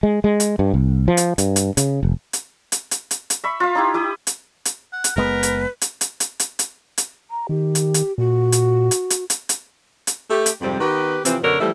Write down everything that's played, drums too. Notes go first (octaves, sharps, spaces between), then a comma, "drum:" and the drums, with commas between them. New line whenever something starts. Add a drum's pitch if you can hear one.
G#3
G#3
drum: hi-hat
G2
C2
F3
drum: hi-hat
G2, drum: hi-hat
drum: hi-hat
C#3, drum: hi-hat
F1
drum: hi-hat
drum: hi-hat
drum: hi-hat
drum: hi-hat
drum: hi-hat
E5 B5 C#6
F4 F5
D#4 E4 G4
E4 G4 D#6
drum: hi-hat
drum: hi-hat
F#5
drum: hi-hat
F#1 G#3 B3 A#4 B4
drum: hi-hat
drum: hi-hat
drum: hi-hat
drum: hi-hat
drum: hi-hat
drum: hi-hat
drum: hi-hat
A#5
D#3 G4
drum: hi-hat
drum: hi-hat
A#2 F#4
drum: hi-hat
drum: hi-hat
drum: hi-hat
drum: hi-hat
drum: hi-hat
drum: hi-hat
A3 G4
drum: hi-hat
F2 G#2 C3 G3
D#3 B3 G4 B4
C3 E3 F3 C4, drum: hi-hat
F#2 B2 D3 A#4 C#5
E3 F3 G3 A3 E4